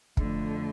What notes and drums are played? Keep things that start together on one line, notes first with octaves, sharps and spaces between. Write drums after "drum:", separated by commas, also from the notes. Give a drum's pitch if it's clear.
F2 D3 A3, drum: kick